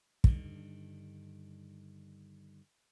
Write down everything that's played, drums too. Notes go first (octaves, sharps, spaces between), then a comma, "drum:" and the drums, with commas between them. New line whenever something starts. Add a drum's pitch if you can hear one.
G2 D3 D#3, drum: kick